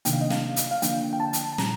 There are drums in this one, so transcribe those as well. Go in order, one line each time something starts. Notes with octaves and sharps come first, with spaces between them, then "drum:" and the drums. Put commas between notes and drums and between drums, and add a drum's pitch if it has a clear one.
C3 D#3 A#3 D4 G5, drum: hi-hat
F5
D#5
F5, drum: snare
drum: hi-hat
F5
D3 F3 A#3 D4 G5, drum: hi-hat
G5
A5
drum: hi-hat
A5
A#2 G3 A#5, drum: snare